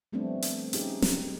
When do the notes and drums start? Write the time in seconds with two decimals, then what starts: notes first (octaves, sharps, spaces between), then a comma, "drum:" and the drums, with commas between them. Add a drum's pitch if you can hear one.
0.12 F3 G3 A3 B3 C4 D4
0.42 drum: hi-hat
0.73 C#4 D#4 G4 G#4, drum: hi-hat
1.02 drum: snare